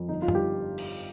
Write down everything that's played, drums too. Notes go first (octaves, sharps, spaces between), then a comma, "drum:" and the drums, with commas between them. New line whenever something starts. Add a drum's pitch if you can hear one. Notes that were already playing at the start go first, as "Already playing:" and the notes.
Already playing: F2
G1 D#4
F4
G2, drum: tom F#2
G4
drum: cymbal